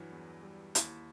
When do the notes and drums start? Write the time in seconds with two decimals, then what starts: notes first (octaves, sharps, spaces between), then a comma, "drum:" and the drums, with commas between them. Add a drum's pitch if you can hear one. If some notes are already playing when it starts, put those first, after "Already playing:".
Already playing: G2 E3 F#3
0.12 E2
0.43 G3
0.75 D#2 E4, drum: hi-hat